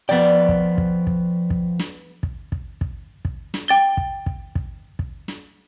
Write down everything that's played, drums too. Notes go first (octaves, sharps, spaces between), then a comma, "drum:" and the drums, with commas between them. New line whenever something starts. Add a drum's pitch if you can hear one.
F3 B3 D5 G5
drum: kick
drum: kick
drum: kick
drum: kick
drum: snare
drum: kick
drum: kick
drum: kick
drum: kick
drum: snare
G5 A6 G7
drum: kick
drum: kick
drum: kick
drum: kick
drum: snare